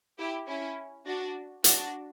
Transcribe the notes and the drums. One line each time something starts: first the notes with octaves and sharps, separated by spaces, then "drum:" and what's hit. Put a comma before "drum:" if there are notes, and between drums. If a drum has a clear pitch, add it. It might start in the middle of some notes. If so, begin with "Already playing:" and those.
E4 G4
C#4 E4
D4 F#4
D4 F#4, drum: hi-hat